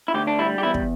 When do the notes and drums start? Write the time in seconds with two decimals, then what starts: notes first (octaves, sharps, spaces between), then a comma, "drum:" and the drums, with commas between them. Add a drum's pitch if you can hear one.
0.08 E4
0.14 D2 G4
0.27 D4
0.39 G3 E4
0.58 G4
0.63 E2 E4
0.74 drum: kick